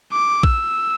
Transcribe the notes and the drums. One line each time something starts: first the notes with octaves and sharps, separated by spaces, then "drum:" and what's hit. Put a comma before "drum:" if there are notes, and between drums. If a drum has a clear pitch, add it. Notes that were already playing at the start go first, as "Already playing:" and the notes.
D6
E6, drum: kick A#1